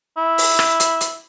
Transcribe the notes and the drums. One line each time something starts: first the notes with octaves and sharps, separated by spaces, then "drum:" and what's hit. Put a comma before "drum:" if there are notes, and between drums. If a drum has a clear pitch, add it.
E4
drum: open hi-hat
drum: rim click
drum: hi-hat
drum: hi-hat